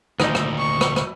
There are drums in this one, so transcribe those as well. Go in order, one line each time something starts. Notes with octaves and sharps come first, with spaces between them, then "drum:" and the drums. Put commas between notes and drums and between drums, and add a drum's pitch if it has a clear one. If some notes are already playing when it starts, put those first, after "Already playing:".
D2 A#2 D#3 D#4, drum: rim click
drum: rim click
C#6
drum: rim click
drum: rim click